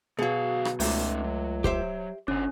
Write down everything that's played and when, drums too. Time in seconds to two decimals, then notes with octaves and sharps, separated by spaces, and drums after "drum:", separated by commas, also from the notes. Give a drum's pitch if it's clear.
0.19 D2 B2 F#3 F#4 G#4 F5
0.65 drum: rim click
0.80 C#2 A3 C#4 D#4, drum: open hi-hat
1.24 F#3
1.64 G4 C5 E5, drum: kick
2.28 G1 C#4 D4 C5